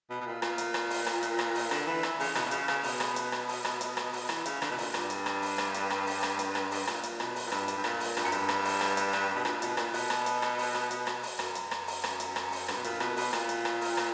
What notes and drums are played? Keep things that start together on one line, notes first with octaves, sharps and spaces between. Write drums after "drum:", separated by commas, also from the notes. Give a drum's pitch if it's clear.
B2
B2
A#2
A#2, drum: rim click
drum: hi-hat
drum: rim click
drum: open hi-hat
drum: rim click
drum: hi-hat
drum: rim click
drum: open hi-hat
D3, drum: rim click
E3
drum: rim click
C#3, drum: open hi-hat
B2, drum: rim click
B2
C#3, drum: hi-hat
C#3, drum: rim click
B2, drum: open hi-hat
drum: rim click
drum: hi-hat
drum: rim click
drum: open hi-hat
drum: rim click
drum: hi-hat
drum: rim click
drum: open hi-hat
E3, drum: rim click
C#3, drum: hi-hat
D3, drum: rim click
B2
A#2, drum: open hi-hat
G2, drum: rim click
drum: hi-hat
drum: rim click
drum: open hi-hat
drum: rim click
drum: hi-hat
drum: rim click
drum: open hi-hat
drum: rim click
drum: hi-hat
drum: rim click
drum: open hi-hat
A#2, drum: rim click
drum: hi-hat
B2, drum: rim click
drum: open hi-hat
A#2
G2, drum: rim click
drum: hi-hat
G2
A#2, drum: rim click
drum: open hi-hat
G2, drum: rim click
F#2
G2, drum: hi-hat
drum: rim click
drum: open hi-hat
drum: rim click
drum: hi-hat
drum: rim click
B2
A#2, drum: rim click
B2, drum: hi-hat
A#2, drum: rim click
B2, drum: open hi-hat
drum: rim click
drum: hi-hat
drum: rim click
drum: open hi-hat
drum: rim click
drum: hi-hat
drum: rim click
drum: open hi-hat
F#2, drum: rim click
drum: hi-hat
drum: rim click
drum: open hi-hat
drum: rim click
drum: hi-hat
drum: rim click
drum: open hi-hat
G2, drum: rim click
B2
A#2, drum: hi-hat
B2, drum: rim click
B2, drum: open hi-hat
A#2, drum: rim click
drum: hi-hat
drum: rim click
drum: open hi-hat
drum: rim click